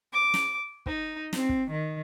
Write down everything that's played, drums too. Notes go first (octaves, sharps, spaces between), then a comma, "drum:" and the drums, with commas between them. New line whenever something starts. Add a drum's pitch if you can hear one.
D6
drum: snare
D#4, drum: kick
C4, drum: snare
drum: kick
D#3